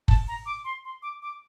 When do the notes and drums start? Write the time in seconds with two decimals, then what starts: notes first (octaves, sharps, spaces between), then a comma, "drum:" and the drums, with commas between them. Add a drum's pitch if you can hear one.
0.08 A5, drum: kick
0.28 A#5
0.46 D6
0.64 C6
0.85 C6
1.02 D6
1.22 D6